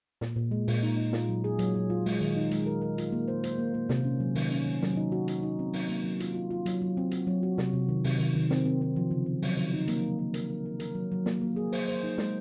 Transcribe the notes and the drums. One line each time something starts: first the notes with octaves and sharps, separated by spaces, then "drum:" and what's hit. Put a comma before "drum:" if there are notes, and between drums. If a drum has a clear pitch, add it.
A#2, drum: snare
A#2
G#3
A#2, drum: open hi-hat
D#4
D#4
F4, drum: snare
F#3
G#4
F#3, drum: hi-hat
F#3
F4
G#3, drum: open hi-hat
D#3
D#4
G#3, drum: hi-hat
A#4
A#4
F4, drum: hi-hat
A#3
C5
C5, drum: hi-hat
A#3
A#3
C3, drum: snare
C#4
F#3
D#3, drum: open hi-hat
C#4
D#3
F#3, drum: snare
D#4
F#4
F#4, drum: hi-hat
D#4
C4
F#3, drum: open hi-hat
A#3
F#3
F4, drum: hi-hat
F4
F4
F#3, drum: hi-hat
F#3
C4
F#4, drum: hi-hat
F#3
F#4
C3, drum: snare
C3
D#3
C3, drum: open hi-hat
D#3
D#3
C4, drum: snare
C4
C4
F3
C#3
C4
F#3, drum: open hi-hat
D#3
D#4
A#3, drum: hi-hat
F#3
A#3
A#4, drum: hi-hat
A#4
A#4
A#4, drum: hi-hat
F#3
F#3
A#3, drum: snare
A#3
G#4
C5, drum: open hi-hat
C5
D#4
G#3, drum: snare